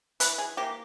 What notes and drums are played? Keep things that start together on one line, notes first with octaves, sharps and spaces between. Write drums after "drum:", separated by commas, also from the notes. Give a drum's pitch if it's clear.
E3 B4, drum: hi-hat
G#4
A#3 G4